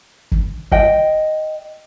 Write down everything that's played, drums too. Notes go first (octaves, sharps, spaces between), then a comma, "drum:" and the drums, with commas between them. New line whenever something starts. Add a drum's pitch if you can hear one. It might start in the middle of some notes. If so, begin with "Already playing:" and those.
drum: kick
D#5 G5, drum: kick